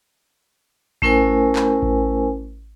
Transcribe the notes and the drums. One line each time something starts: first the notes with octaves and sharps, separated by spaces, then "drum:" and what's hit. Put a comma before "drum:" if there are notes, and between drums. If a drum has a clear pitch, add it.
A3 C#4 E4 A#4 C5 G#5, drum: kick A1
drum: clap
drum: kick A1